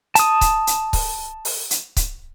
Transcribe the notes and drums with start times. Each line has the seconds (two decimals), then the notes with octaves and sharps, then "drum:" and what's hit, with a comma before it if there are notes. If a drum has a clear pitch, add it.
0.15 A5 D#6, drum: hi-hat
0.41 drum: kick C#1, hi-hat
0.67 drum: hi-hat
0.93 drum: kick C#1, open hi-hat
1.45 drum: open hi-hat
1.71 drum: hi-hat
1.97 drum: kick C#1, hi-hat